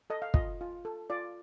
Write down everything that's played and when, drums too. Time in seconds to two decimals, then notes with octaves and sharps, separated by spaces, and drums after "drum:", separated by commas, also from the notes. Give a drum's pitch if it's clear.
0.10 A4 D#5
0.22 F5
0.34 F4 D#5, drum: kick
0.61 F4
0.85 A4
1.10 F4 D5